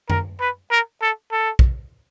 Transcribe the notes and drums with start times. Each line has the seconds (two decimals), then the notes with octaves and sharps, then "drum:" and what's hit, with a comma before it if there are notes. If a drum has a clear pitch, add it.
0.10 A#4, drum: tom F#2
0.40 B4
0.71 A#4
1.02 A4
1.32 A4
1.59 drum: kick